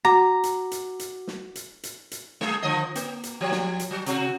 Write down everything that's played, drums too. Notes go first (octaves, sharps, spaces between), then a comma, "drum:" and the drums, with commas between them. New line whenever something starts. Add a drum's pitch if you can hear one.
F#4 F#5 A#5 D6
drum: hi-hat
drum: hi-hat
drum: hi-hat
drum: snare
drum: hi-hat
drum: hi-hat
drum: hi-hat
G#3 G#4, drum: snare
D3 F3 D#5
A#3, drum: hi-hat
drum: hi-hat
F3 G3
drum: snare
drum: hi-hat
F#3
C3 F#4, drum: hi-hat